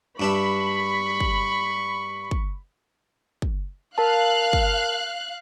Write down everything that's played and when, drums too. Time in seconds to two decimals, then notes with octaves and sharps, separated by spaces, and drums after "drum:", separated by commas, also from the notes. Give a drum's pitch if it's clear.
0.20 G2 D4 E5 B5 C#6
1.20 drum: kick
2.31 drum: kick
3.42 drum: kick
3.98 A#4 F5 A5 F#6
4.53 drum: kick